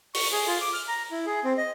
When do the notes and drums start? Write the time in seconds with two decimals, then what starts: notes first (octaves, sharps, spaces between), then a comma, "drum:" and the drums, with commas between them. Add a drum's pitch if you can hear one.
0.15 C#6, drum: open hi-hat
0.32 G#4
0.47 F4
0.61 D6
0.73 F6
0.88 A#5
1.11 E4
1.26 G#4
1.44 C4
1.58 D#5